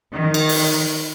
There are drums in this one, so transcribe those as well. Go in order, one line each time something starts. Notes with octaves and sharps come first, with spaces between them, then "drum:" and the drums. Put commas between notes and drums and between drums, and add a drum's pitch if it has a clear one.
D#3
drum: cymbal
drum: open hi-hat